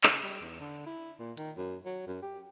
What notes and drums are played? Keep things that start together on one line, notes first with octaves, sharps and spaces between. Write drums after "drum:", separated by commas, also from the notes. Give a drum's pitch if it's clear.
C#3, drum: clap
G3
E2
D3
E4
A#2
D#3, drum: hi-hat
F#2
F#3
F#2
G4